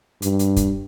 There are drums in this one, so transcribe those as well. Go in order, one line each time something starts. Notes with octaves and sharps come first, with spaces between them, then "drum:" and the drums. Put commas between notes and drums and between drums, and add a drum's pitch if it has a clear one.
G2, drum: hi-hat
drum: hi-hat
drum: kick, hi-hat